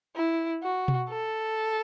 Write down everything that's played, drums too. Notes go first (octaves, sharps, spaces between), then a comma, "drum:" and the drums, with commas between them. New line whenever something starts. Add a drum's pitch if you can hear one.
E4
F#4
drum: tom B2
A4